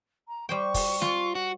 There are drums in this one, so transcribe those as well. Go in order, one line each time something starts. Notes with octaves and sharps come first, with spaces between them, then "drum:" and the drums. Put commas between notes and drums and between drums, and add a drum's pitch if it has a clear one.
A#5
G3 C5 G5 C#6
drum: kick, open hi-hat
F4, drum: snare
F#4